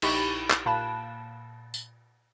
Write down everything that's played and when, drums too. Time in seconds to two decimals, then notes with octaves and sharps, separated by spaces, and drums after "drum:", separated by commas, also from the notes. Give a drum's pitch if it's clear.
0.02 A#1 D#4 E4 G4 B5 C#6, drum: cymbal
0.50 drum: clap
0.66 A#2 F5 A5 B5 F#6 E7
1.74 drum: tambourine